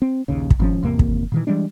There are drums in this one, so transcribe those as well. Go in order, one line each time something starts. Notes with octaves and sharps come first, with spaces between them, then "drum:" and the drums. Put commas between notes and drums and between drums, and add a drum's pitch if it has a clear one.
C4
A#1 D#2 C#3
drum: kick
G#1 F3 C#4
G#1 E2 C3 A#3
drum: kick
A#2 D#3 E3
E3 G3 G#3 D4